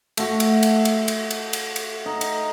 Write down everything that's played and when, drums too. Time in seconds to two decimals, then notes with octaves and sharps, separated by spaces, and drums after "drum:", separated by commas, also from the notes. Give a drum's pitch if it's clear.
0.17 A3 F#4, drum: cymbal
0.40 drum: cymbal
0.63 drum: cymbal
0.85 drum: cymbal
1.08 drum: cymbal
1.31 drum: cymbal
1.53 drum: cymbal
1.76 drum: cymbal
2.06 D#4
2.21 drum: cymbal